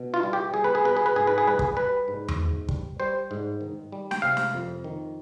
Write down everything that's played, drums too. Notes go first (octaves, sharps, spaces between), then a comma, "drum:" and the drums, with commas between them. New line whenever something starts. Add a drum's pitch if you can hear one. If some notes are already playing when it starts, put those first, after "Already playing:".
Already playing: B2
F4
G3
G4
G3 G#4
B4
G#4
B2 B4
G#4
B4
G#2 G#4
B4
G#4
G3 B4
G#4, drum: kick
G3 B4
G#2
drum: tom E2
G#2
G3, drum: kick
G3 C5
G#2
D#3
G3
G5, drum: snare
C3 F5
drum: snare
F2
D#3